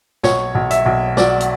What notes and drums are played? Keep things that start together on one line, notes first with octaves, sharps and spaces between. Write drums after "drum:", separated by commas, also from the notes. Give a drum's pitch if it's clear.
B1 C#5, drum: snare
B1
E5, drum: hi-hat
B1
F#3 D5, drum: snare
drum: hi-hat